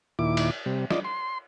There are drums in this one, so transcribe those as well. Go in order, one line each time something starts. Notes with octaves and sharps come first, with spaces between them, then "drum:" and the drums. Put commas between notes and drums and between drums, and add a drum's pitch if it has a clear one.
D#2 A#2 E4 D6
drum: cymbal
C3 G3
F4 D5 D#5, drum: snare
C6